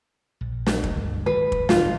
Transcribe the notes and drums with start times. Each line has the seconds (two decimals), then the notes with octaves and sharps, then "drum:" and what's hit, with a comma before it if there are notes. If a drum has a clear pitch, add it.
0.41 A#1
0.66 drum: snare
0.84 drum: kick
0.95 C#2 G2
1.26 G#2 D#3 E3 B4
1.52 drum: kick
1.69 D1 B1 G#3 F4, drum: snare